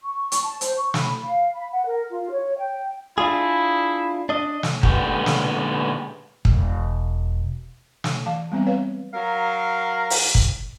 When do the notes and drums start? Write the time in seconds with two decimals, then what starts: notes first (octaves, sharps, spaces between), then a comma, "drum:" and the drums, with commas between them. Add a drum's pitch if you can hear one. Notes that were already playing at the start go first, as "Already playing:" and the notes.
0.02 C#6
0.32 drum: hi-hat
0.43 A5
0.61 C5, drum: hi-hat
0.77 C#6
0.94 B5, drum: snare
1.24 F5
1.53 B5
1.72 F#5
1.86 A#4
2.11 F4
2.32 C#5
2.58 G5
3.18 D4 E4 F4 G#4
4.29 D4 D#5
4.63 drum: snare
4.83 A#2 D3 G#3 B3 F#4 G4, drum: kick
5.26 drum: snare
6.45 E1, drum: kick
8.04 drum: snare
8.26 E3 F5 A5
8.52 G3 B3 C4 E5
8.67 B4 C#5 F5
9.14 F#3 A#4 F5
10.10 drum: open hi-hat
10.35 drum: kick